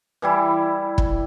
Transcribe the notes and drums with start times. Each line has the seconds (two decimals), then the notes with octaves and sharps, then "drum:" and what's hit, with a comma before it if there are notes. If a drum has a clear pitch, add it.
0.22 E3 G3 E4
0.98 drum: kick